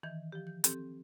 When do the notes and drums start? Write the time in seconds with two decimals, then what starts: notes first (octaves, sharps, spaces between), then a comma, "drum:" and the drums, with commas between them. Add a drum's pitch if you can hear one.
0.03 D#3 E3 G6
0.32 F3 G4
0.47 G6
0.64 C4 G4 A4, drum: hi-hat